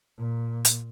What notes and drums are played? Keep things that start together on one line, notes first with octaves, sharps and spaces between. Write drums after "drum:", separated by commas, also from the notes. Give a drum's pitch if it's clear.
A#2
drum: hi-hat